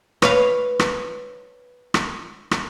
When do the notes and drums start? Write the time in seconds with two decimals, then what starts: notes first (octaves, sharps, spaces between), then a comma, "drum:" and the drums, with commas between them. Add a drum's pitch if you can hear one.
0.22 B4 C#5 F5, drum: rim click
0.79 drum: rim click
1.94 drum: rim click
2.51 drum: rim click